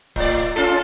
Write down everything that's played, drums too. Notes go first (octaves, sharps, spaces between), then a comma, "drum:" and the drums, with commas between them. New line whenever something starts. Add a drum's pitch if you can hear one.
A2 D5, drum: kick D1
C#4 F4 A4, drum: snare